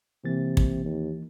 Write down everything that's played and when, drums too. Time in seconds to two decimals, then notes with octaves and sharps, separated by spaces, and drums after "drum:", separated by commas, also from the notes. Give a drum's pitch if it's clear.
0.25 C3 E3 A#3 A6
0.57 drum: kick
0.85 D#2